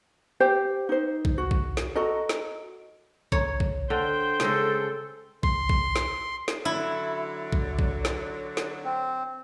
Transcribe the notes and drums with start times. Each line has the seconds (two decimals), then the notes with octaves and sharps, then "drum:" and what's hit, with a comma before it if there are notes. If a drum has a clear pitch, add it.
0.40 G4 C5 G5
0.89 D#4 C5
1.25 drum: kick A#1
1.38 F#4
1.51 drum: kick A#1
1.77 drum: snare
1.95 F#4 A4 D#5 A#5
2.29 drum: snare
3.32 C#5, drum: kick A#1
3.60 drum: kick A#1
3.90 D3 C5 G5
4.40 C#3 G#3 A4, drum: snare
5.43 C6, drum: kick A#1
5.69 drum: kick A#1
5.96 drum: snare
6.48 drum: snare
6.65 D3 F#3 E4
7.52 drum: kick A#1
7.79 drum: kick A#1
8.05 drum: snare
8.57 drum: snare
8.84 C4